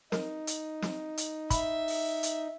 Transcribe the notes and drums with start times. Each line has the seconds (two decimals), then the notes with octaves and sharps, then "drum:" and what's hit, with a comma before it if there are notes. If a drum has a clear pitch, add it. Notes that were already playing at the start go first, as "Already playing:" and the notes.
0.12 D#4 A#4, drum: snare
0.47 drum: hi-hat
0.82 drum: snare
1.17 drum: hi-hat
1.50 E5 B5, drum: kick, hi-hat
1.88 drum: open hi-hat
2.23 drum: hi-hat